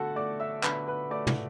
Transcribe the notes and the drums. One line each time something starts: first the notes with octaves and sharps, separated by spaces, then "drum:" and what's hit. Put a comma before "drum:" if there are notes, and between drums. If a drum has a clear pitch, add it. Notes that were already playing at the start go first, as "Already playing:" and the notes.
Already playing: D3 A3 F#4 A4 F#5 A5
A3 D5 D6
E5 E6
D3 B4 B5, drum: clap
B4 B5
A3 D5 D6
drum: tom